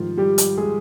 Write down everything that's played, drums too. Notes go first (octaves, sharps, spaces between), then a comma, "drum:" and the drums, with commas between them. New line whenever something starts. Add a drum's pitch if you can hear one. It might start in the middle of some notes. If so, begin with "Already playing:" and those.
Already playing: G#2 D#3 F3 G3 F4
G3 G4
drum: hi-hat
G#3 G#4